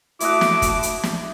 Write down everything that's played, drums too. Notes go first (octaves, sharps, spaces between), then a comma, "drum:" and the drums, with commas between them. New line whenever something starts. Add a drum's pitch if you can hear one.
A3 E4 F#4 D#5 F#5 D6, drum: hi-hat
drum: snare
drum: kick, hi-hat
drum: hi-hat
drum: snare